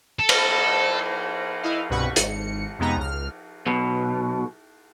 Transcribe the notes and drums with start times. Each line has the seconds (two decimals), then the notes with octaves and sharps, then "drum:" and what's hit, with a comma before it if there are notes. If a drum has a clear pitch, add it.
0.19 A4
0.29 drum: cymbal
1.63 E4 D#5 F5
1.90 C2 G2 B2 B4 F#5 C#6
2.16 G#1 C#7, drum: hi-hat
2.79 F2 C3 G#3 B3 D#4 A#5
2.96 C#2 F6
3.66 B1 B2